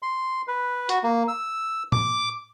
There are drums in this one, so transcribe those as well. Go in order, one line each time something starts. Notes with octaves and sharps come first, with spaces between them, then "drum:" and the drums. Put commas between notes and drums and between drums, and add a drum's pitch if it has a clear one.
C6
B4
F#4, drum: hi-hat
A#3
E6
D6, drum: tom A2